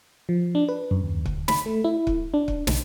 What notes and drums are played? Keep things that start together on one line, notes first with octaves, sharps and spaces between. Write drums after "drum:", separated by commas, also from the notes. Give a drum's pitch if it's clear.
F3
D4
B4
F#2
D#2
D2, drum: kick
B5, drum: snare
A3
E4
drum: kick
D4
drum: kick
B1, drum: snare